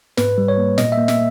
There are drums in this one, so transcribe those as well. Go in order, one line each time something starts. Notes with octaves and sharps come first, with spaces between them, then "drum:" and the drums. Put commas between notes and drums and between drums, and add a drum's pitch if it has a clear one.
G#2 B4, drum: snare
G3
C#5
A#3
A#2 D#5, drum: snare
E5
A#3
E5, drum: snare